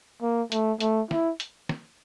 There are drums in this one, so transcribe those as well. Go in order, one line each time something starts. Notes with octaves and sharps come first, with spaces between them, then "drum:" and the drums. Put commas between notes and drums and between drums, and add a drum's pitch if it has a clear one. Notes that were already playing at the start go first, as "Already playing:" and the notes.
A#3
A3, drum: hi-hat
A3, drum: hi-hat
E4, drum: snare
drum: hi-hat
drum: snare